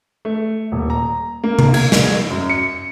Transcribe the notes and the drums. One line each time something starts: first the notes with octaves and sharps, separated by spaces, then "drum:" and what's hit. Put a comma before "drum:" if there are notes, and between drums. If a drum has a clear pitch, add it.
A3
D#1
A#5
A#3
drum: tom C3
G#6, drum: cymbal
drum: snare
F#2
C#7